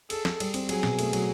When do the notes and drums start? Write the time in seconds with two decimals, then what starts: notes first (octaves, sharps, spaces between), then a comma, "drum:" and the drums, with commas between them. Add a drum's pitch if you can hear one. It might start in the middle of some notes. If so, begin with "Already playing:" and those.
0.10 G#4 A4, drum: cymbal
0.25 G#4, drum: snare
0.40 G3, drum: cymbal
0.54 C4, drum: cymbal
0.69 F#3 G#4, drum: cymbal
0.83 B2, drum: snare
0.99 A3, drum: cymbal
1.13 F#3, drum: cymbal